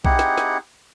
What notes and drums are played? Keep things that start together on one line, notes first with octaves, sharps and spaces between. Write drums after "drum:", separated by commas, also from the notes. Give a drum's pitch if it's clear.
C4 D#4 E4 G4 G#4 F#5, drum: kick B1
drum: snare
drum: snare